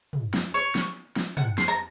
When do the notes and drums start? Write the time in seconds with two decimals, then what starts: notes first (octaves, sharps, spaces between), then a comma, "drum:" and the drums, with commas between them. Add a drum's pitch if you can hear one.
0.13 drum: tom
0.34 drum: snare
0.54 C#5
0.75 drum: snare
1.16 drum: snare
1.37 F#5, drum: tom
1.58 C6, drum: snare
1.68 A#5